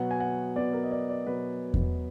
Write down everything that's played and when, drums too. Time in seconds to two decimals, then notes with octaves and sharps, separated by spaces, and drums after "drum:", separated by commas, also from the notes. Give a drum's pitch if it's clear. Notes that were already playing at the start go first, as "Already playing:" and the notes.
Already playing: B2 F#3 B3 F#5
0.11 G#5
0.20 F#5
0.56 B2 F#3 B3 D5
0.73 A#4
0.84 D#5
0.91 D5
1.10 D5
1.27 B2 F#3 B3 B4
1.74 drum: kick E2